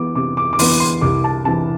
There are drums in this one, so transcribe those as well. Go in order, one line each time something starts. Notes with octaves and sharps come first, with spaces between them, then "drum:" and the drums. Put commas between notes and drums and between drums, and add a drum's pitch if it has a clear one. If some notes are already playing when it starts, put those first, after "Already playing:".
Already playing: E3 B3 D6
C3 D6
D6
D6
E3 B3 C6, drum: open hi-hat
C6
C2 D6
A5
C3 E3 A5